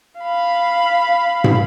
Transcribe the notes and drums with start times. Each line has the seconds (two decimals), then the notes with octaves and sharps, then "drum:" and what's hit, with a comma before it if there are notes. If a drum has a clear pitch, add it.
0.20 F5 B5
1.44 drum: tom